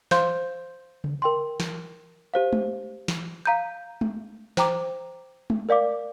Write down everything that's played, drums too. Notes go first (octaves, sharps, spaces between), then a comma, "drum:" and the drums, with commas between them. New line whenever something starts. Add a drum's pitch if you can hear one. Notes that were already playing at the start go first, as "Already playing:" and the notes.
C5 F5 C6 G6, drum: snare
drum: tom C#3
A#4 G5 C6
drum: snare
G4 C5 F5
drum: tom G#3
drum: snare
F5 A#5 G6
drum: tom G#3
C5 G5 A#5 D6, drum: snare
drum: tom G#3
A#4 D5 F5 D6